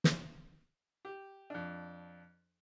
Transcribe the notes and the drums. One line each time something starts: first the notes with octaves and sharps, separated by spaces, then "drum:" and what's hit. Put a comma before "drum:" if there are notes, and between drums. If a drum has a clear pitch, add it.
drum: snare
G4
F2 D4